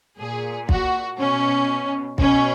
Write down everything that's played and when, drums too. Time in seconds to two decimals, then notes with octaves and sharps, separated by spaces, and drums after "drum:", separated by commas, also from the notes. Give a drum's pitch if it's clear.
0.19 A#2 G#4
0.69 F#4, drum: kick
1.19 B2 C#4
2.18 B2 C#4, drum: kick